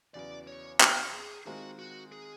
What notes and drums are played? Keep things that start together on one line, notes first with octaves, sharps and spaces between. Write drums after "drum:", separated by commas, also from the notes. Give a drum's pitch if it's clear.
E2 C#3 F#3 B3 D5
C#5
C5, drum: clap
G#4
D#3 G#3 C4 F4 F#4 A#4
F#4
G#4